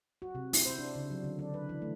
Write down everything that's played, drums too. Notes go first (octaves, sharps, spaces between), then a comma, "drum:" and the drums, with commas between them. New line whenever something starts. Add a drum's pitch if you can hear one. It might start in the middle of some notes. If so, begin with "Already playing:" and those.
F#4
C3
E4, drum: open hi-hat
C5
D4
C#3
F#3
D3
D4
B4
E3
A3